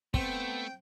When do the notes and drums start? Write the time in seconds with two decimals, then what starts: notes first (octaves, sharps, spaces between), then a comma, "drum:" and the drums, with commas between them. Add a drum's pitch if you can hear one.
0.14 A3 B3 C4 G5, drum: kick